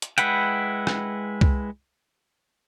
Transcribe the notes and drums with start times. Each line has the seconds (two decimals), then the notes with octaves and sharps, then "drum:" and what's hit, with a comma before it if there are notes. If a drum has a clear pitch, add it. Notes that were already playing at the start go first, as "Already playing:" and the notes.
0.02 drum: hi-hat
0.18 G#3 E4 B4 F#5 G5, drum: hi-hat
0.87 drum: rim click
1.41 drum: kick C2